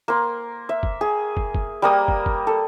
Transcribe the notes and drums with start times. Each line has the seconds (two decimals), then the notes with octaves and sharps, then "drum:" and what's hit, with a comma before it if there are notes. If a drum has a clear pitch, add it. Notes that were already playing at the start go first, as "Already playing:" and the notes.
0.08 A#3 C6
0.69 E5
0.83 drum: kick
1.01 G#4
1.37 drum: kick
1.55 drum: kick
1.82 G3 A#3 D#6
2.08 drum: kick
2.26 drum: kick
2.47 A4